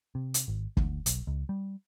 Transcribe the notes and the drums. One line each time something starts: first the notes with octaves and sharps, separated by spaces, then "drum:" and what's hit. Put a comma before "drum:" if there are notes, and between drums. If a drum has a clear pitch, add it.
C3
drum: hi-hat
G#1
D2, drum: kick
B1, drum: hi-hat
C#2
G3